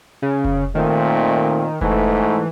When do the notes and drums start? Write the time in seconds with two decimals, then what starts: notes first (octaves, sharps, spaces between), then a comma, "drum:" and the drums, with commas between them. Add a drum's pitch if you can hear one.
0.22 C#3
0.45 drum: kick F1
0.75 A#2 D#3 A3 C4
1.81 G#2 E3 A3, drum: kick F1